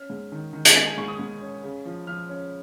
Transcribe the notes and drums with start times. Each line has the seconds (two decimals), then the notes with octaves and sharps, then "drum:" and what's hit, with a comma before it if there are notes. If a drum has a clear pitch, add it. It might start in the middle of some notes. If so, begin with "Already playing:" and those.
Already playing: C#4 F6
0.10 G#2
0.32 D#3
0.53 D#3
0.65 drum: hi-hat
0.75 G#2 G#5
0.87 G#5
0.97 G#2 C#6
1.08 D#6
1.19 G#2
1.41 C#4
1.63 C#3
1.85 F3
2.07 F3 F6
2.29 C#4